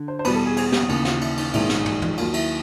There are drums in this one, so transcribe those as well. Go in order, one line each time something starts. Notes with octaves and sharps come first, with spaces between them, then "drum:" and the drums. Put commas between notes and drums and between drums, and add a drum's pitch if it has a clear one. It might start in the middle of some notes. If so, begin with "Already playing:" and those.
Already playing: D3
C5
C5
E2 B2 G3 B4, drum: cymbal
A4
G#4
G#4, drum: cymbal
G4, drum: snare
D#2 C#3 E3, drum: cymbal
F4, drum: snare
E4, drum: cymbal
D#4, drum: cymbal
A#1 G#2 D#3 G#3 E4, drum: cymbal
drum: snare
drum: tom
F4, drum: tom
D#2 D#3 F#3 F4, drum: cymbal
E4, drum: cymbal